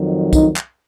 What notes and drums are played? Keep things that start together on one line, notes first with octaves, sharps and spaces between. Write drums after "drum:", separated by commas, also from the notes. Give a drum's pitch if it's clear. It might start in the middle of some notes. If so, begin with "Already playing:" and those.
Already playing: F2 D#3 F#3
D#4, drum: kick, tambourine
drum: clap